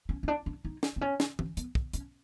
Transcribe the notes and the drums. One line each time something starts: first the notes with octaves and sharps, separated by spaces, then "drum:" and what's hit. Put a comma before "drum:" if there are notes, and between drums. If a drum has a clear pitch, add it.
C#4
C#4
D4
D4
D#4
drum: snare
C4
C#4
drum: snare
C4, drum: tom E3
B3, drum: hi-hat
drum: kick
C#4, drum: hi-hat